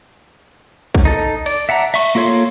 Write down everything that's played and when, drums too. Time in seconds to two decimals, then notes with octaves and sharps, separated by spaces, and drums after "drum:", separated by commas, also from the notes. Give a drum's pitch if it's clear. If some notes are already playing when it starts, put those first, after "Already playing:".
0.95 drum: kick
1.05 D#4 A4
1.46 D5, drum: cymbal
1.69 E5 F#5 A5 A#5
1.94 E5 C#6, drum: cymbal
2.15 A#3 F4 A4 C#5 C6